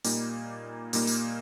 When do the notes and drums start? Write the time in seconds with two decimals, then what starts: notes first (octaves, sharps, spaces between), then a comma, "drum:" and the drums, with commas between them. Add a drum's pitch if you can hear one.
0.05 A#2 G3 A#3 D#4, drum: open hi-hat
0.93 A#2 G3 A#3 D#4, drum: open hi-hat
1.07 drum: open hi-hat